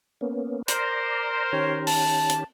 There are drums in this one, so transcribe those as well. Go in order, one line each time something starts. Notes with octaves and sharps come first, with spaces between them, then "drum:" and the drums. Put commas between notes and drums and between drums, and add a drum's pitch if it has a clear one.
A#3 B3 C#4
A#4 C5 D5 A#5, drum: hi-hat
D#3 C#4 G4 C#5
A5, drum: open hi-hat
drum: hi-hat